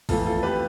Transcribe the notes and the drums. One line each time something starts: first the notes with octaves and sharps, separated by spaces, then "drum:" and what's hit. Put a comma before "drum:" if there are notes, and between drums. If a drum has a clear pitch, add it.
F2 E3 A3 F4 A4, drum: kick A1, open hi-hat
F4 A4
G4 B4